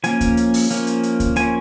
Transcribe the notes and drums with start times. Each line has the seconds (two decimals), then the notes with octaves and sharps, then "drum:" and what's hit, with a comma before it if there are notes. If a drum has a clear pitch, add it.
0.04 F3 A#3 C#4 G#5, drum: hi-hat
0.21 drum: kick D2, hi-hat
0.37 drum: hi-hat
0.54 drum: open hi-hat
0.70 F3 A#3 C#4, drum: hi-hat
0.87 drum: hi-hat
1.03 drum: hi-hat
1.20 drum: kick D2, hi-hat
1.36 F3 A#3 C#4 G#5, drum: hi-hat